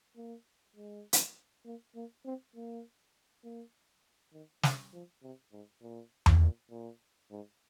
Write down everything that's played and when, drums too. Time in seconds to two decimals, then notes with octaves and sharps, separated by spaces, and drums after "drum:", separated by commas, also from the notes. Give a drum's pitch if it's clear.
0.16 A#3
0.76 G#3
1.13 drum: hi-hat
1.66 A#3
1.96 A#3
2.25 C4
2.55 A#3
3.44 A#3
4.33 D#3
4.63 D3, drum: snare
4.93 F3
5.23 C3
5.52 G#2
5.82 A#2
6.26 drum: tom E2
6.41 A#2
6.71 A#2
7.31 G#2